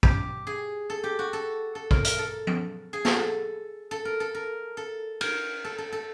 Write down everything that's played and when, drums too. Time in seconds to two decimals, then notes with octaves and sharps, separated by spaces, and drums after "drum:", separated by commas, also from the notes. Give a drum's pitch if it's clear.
0.03 G4, drum: kick
0.47 G#4
0.90 A4
1.04 G4
1.19 F#4
1.33 A4
1.75 A4
1.91 A#4, drum: kick
2.05 A#4, drum: hi-hat
2.19 A4
2.47 drum: tom F3
2.93 G#4
3.05 A4, drum: snare
3.91 A4
4.05 A#4
4.20 A4
4.34 A#4
4.77 A4
5.21 A#4, drum: cymbal
5.64 A4
5.78 A4
5.92 A4